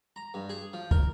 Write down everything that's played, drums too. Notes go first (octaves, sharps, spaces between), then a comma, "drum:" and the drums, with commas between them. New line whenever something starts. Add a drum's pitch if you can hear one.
A#5
G2
G#4
F3
A#4, drum: kick